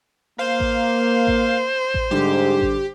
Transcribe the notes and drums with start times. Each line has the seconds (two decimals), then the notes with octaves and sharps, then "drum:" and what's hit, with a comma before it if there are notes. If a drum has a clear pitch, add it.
0.39 A#3 C5 F5
0.60 drum: kick A1
1.27 drum: kick A1
1.94 drum: kick A1
2.11 G#2 D3 G3 G4
2.61 drum: kick A1